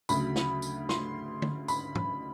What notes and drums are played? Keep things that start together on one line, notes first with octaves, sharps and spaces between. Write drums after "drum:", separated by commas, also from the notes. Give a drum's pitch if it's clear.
D2 C#3 F#3 A3 B5, drum: tambourine
drum: snare
drum: tambourine
C6, drum: snare
drum: tom
B5, drum: tambourine
drum: tom